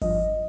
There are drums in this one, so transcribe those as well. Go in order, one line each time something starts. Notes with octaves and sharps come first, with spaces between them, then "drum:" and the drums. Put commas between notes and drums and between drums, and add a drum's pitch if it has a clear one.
G2 F3 D#5, drum: kick G#1, open hi-hat